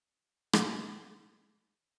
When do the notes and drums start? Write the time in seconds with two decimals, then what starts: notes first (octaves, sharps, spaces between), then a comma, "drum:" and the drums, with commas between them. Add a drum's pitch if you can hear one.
0.19 F#3
0.53 drum: rim click
0.77 A3 B3
1.81 E3